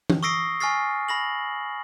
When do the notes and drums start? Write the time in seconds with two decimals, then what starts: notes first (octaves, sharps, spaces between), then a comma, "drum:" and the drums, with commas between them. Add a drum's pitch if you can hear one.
0.10 drum: tom E3
0.23 C#6 D#6 E6 A#6 C7 D7
0.60 G#5 C#6 F6 A6 C7
1.09 B5 A#6 F#7